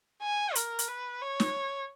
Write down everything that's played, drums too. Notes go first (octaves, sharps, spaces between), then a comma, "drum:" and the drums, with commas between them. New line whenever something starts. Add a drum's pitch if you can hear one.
G#5
A#4, drum: hi-hat
drum: hi-hat
B4
C#5
drum: snare